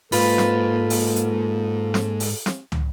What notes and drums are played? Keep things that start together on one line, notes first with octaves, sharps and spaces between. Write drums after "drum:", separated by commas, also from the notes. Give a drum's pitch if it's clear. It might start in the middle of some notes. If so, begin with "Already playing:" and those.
G#2 A#3 F4 A4 B4, drum: open hi-hat
drum: snare
drum: open hi-hat
drum: hi-hat
drum: snare
drum: open hi-hat
drum: snare
drum: tom